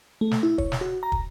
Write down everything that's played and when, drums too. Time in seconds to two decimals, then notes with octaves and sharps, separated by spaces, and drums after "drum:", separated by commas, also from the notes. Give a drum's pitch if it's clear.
0.21 A3
0.31 drum: snare
0.43 E4
0.58 C#5, drum: kick
0.72 drum: snare
0.81 F#4
1.03 A#5
1.12 drum: kick